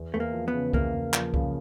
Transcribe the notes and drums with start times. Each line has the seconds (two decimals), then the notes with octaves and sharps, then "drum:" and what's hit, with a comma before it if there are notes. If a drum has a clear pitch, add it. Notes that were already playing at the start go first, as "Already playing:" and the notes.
Already playing: E2
0.14 E2 A3
0.20 A#3
0.33 F3
0.48 B3
0.54 C#3
0.73 E2 A#3, drum: kick C2
0.94 E2
1.14 F3, drum: clap
1.34 C#3, drum: kick C2